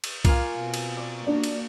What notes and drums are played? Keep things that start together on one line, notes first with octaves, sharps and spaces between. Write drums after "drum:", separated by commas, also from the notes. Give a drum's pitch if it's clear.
drum: cymbal
A#3 F4 G#5, drum: kick C2, cymbal
B2 C4
drum: cymbal
D5
A#3 D4 F#4
drum: cymbal